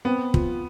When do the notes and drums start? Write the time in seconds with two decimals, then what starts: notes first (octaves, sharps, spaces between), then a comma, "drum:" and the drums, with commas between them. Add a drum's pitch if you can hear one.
0.05 B3 C4
0.34 F4, drum: kick